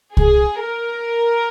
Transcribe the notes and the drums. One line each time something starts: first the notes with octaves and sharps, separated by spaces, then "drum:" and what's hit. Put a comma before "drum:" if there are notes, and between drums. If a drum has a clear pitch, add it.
G#4, drum: kick C2
A#4